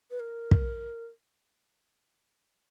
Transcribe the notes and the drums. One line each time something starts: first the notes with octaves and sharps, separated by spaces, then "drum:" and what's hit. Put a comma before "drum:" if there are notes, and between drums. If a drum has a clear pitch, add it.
B4
A#4
drum: kick